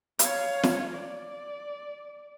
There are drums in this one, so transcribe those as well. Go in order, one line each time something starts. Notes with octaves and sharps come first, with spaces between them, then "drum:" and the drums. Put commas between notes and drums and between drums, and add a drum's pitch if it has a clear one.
C#5 F5, drum: hi-hat
drum: snare
D5